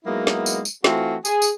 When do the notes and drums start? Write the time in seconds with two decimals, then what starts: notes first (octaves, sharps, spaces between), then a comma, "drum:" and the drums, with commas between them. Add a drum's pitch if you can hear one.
0.05 F#3 G#3 A#3 B3 D#4 E4
0.27 drum: snare
0.46 drum: tambourine
0.65 drum: tambourine
0.84 E3 A3 C4 F4 F#4, drum: snare
1.25 G#4, drum: tambourine
1.42 drum: tambourine